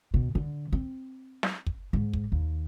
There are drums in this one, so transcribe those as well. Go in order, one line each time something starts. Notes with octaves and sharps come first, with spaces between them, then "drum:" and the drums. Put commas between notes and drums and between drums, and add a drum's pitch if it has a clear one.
B2
D3
C4
drum: snare
drum: kick
G#2
drum: kick
D#2